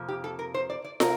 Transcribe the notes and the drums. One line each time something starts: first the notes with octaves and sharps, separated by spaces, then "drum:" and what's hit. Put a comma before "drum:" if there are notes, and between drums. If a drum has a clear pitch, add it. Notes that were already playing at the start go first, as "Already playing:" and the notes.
Already playing: F2 C3 F3 A#3
G4
A4
A#4
C5
D5
D5
C3 A#4, drum: snare